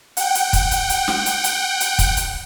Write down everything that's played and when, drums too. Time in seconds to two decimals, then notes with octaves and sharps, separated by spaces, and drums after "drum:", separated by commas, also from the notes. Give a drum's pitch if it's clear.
0.17 F#5 G5, drum: hi-hat
0.35 drum: hi-hat
0.53 drum: kick, hi-hat
0.71 drum: hi-hat
0.89 drum: hi-hat
1.08 drum: snare
1.26 drum: hi-hat
1.44 drum: hi-hat
1.80 drum: hi-hat
1.99 drum: kick, hi-hat
2.17 drum: hi-hat